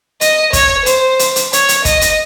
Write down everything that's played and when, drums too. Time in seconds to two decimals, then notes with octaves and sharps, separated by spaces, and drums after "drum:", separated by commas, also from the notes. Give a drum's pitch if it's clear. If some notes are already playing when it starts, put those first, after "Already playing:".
0.21 D#5, drum: hi-hat
0.53 C#5, drum: kick, hi-hat
0.86 C5, drum: hi-hat
1.19 drum: hi-hat
1.36 drum: hi-hat
1.53 C#5, drum: hi-hat
1.69 drum: hi-hat
1.85 D#5, drum: kick, hi-hat
2.01 drum: hi-hat